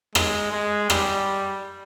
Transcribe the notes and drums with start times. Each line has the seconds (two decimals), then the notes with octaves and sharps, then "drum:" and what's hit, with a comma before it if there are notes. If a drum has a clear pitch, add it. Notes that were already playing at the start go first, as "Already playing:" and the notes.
0.15 G#3, drum: rim click
0.52 G#3
0.90 G3, drum: rim click